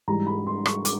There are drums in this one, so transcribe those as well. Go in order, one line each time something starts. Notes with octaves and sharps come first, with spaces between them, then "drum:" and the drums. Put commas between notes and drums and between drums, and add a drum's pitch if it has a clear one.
G#2 E3 G3 A#5
B5
C6
C#6, drum: rim click
D6, drum: hi-hat